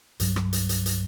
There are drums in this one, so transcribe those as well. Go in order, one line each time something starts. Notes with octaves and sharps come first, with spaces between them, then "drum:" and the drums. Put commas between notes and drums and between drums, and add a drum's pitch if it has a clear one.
C2 G2 F#3, drum: hi-hat
drum: rim click
drum: hi-hat
drum: hi-hat
drum: hi-hat